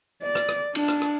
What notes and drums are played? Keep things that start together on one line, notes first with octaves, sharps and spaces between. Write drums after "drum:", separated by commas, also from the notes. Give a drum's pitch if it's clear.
D5
drum: rim click
drum: rim click
D4, drum: cymbal
drum: rim click
drum: rim click